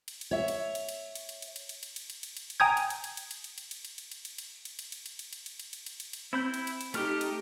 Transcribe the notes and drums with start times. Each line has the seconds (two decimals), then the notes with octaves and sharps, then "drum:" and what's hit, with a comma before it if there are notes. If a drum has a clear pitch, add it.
0.08 drum: cymbal
0.21 drum: cymbal
0.31 C#5 E5
0.48 drum: cymbal
0.75 drum: cymbal
0.89 drum: cymbal
1.15 drum: cymbal
1.29 drum: cymbal
1.42 drum: cymbal
1.56 drum: cymbal
1.69 drum: cymbal
1.83 drum: cymbal
1.96 drum: cymbal
2.10 drum: cymbal
2.23 drum: cymbal
2.37 drum: cymbal
2.50 drum: cymbal
2.60 G5 G#5 A#5 D#6 G6 G#6
2.77 drum: cymbal
2.90 drum: cymbal
3.04 drum: cymbal
3.17 drum: cymbal
3.31 drum: cymbal
3.44 drum: cymbal
3.58 drum: cymbal
3.71 drum: cymbal
3.85 drum: cymbal
3.98 drum: cymbal
4.11 drum: cymbal
4.25 drum: cymbal
4.38 drum: cymbal
4.65 drum: cymbal
4.79 drum: cymbal
4.92 drum: cymbal
5.06 drum: cymbal
5.19 drum: cymbal
5.33 drum: cymbal
5.46 drum: cymbal
5.60 drum: cymbal
5.73 drum: cymbal
5.86 drum: cymbal
6.00 drum: cymbal
6.13 drum: cymbal
6.33 C4 E4 B5 G6
6.54 drum: cymbal
6.67 drum: cymbal
6.81 drum: cymbal
6.94 A3 D#4 G4 F6, drum: cymbal
7.21 drum: cymbal